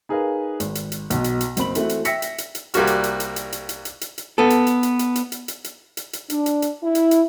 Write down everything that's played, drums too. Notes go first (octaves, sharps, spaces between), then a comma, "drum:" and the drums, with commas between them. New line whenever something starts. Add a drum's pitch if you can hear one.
D#4 G#4 A#4 B4 F5
G#1, drum: hi-hat
drum: hi-hat
drum: hi-hat
B1 B2, drum: hi-hat
drum: hi-hat
drum: hi-hat
F#1 C4 B5 F#7, drum: hi-hat
E3 A3 C4 E4 F#4, drum: hi-hat
drum: hi-hat
E5 G5 E6 A#6 B6 C#7, drum: hi-hat
drum: hi-hat
drum: hi-hat
drum: hi-hat
C2 G3 A#3 F#4 F6, drum: hi-hat
drum: hi-hat
drum: hi-hat
drum: hi-hat
drum: hi-hat
drum: hi-hat
drum: hi-hat
drum: hi-hat
drum: hi-hat
drum: hi-hat
B3 A4
drum: hi-hat
drum: hi-hat
drum: hi-hat
drum: hi-hat
drum: hi-hat
drum: hi-hat
drum: hi-hat
drum: hi-hat
drum: hi-hat
drum: hi-hat
D4, drum: hi-hat
drum: hi-hat
drum: hi-hat
E4
drum: hi-hat
drum: hi-hat